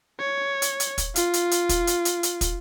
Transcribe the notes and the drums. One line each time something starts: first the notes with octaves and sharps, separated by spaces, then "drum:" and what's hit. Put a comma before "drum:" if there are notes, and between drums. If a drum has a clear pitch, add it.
C#5
drum: hi-hat
drum: hi-hat
drum: kick, hi-hat
F4, drum: hi-hat
drum: hi-hat
drum: hi-hat
drum: kick, hi-hat
drum: hi-hat
drum: hi-hat
drum: hi-hat
drum: kick, hi-hat